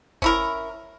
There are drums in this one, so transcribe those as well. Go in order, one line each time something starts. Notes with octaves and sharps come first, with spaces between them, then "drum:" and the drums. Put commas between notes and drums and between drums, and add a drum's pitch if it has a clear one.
C#4 E4 A#4, drum: kick G1